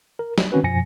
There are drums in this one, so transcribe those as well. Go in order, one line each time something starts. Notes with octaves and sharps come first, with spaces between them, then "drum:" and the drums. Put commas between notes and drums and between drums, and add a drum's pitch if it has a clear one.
A#4
F#3 G3, drum: snare
D#3 C4 C#4 F#4 B4
F#2 B2 F3 G#5 A#6 C#7